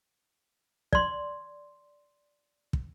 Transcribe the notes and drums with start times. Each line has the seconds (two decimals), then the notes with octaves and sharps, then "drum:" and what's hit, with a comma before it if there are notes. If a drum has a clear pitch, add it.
0.93 D5 C6, drum: kick
2.73 drum: kick